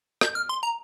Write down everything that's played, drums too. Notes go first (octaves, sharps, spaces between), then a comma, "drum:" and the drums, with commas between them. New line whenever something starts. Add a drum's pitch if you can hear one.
G6, drum: rim click
F6
C6
A#5